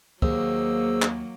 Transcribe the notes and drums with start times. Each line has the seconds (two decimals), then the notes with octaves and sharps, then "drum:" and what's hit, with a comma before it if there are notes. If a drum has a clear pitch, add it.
0.22 D#2 F#3 A#3 G#4 C5 E6, drum: kick
1.02 drum: clap